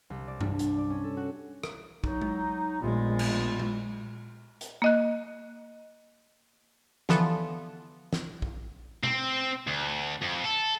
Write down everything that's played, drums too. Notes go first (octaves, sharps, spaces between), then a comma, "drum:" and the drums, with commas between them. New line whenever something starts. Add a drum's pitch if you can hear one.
C2
D5
D4, drum: tom G2
G2, drum: hi-hat
D5
C#4
A4
F#4
drum: rim click
F#3 D#4, drum: kick
drum: tom G#3
A#1 G#3 A3 B3 F4
drum: cymbal
drum: tom G#3
drum: hi-hat
A#3 D#5 F#6
D3 E3 F3 B3 A4, drum: snare
drum: snare
drum: kick
C4, drum: tom B2
D2
F2
A4